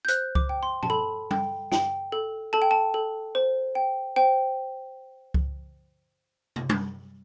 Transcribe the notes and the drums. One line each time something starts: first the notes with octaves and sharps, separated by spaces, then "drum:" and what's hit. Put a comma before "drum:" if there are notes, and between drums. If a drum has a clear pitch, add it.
G6
C5 F#6, drum: hi-hat
D6, drum: kick C#2
G5
C6
A5, drum: tom A#2
A4 B5
G5, drum: tom G3
G5, drum: snare
A4
A4 A5
G5
A5
A4
C5
G5
C5 G5
drum: kick C#2
drum: tom
drum: tom G3